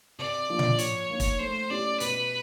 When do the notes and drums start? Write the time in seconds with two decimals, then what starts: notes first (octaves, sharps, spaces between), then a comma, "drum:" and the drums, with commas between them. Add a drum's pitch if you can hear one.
0.19 C3 D5
0.49 F3 A#3 D4
0.59 drum: tom A#2
0.79 F3 C#5, drum: hi-hat
1.10 A#3 D#4
1.20 drum: kick, hi-hat
1.39 A3 C5
1.70 C#4 E4 G4 D5
2.00 B2 B4, drum: hi-hat